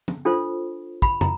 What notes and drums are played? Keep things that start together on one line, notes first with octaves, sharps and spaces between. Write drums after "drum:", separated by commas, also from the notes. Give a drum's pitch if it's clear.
drum: tom
D4 F4 A4 C5
B5, drum: kick
A#5, drum: tom